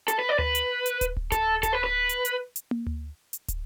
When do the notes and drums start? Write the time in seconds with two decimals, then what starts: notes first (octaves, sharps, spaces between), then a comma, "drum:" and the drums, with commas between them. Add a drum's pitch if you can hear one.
0.08 A4, drum: hi-hat
0.19 B4
0.29 D5
0.39 B4, drum: tom D2
0.55 drum: hi-hat
0.86 drum: hi-hat
1.01 drum: kick, hi-hat
1.17 drum: kick
1.32 A4, drum: kick, hi-hat
1.63 A4, drum: kick, hi-hat
1.73 B4
1.84 B4
2.09 drum: hi-hat
2.25 drum: hi-hat
2.56 drum: hi-hat
2.71 drum: tom
2.87 drum: tom D2
3.33 drum: hi-hat
3.48 drum: kick, hi-hat